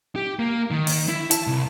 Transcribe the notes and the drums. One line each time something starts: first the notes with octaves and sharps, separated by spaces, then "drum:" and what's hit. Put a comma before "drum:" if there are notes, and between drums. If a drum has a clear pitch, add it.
G4
A#3
D#3
drum: open hi-hat
E4
A5, drum: hi-hat
C2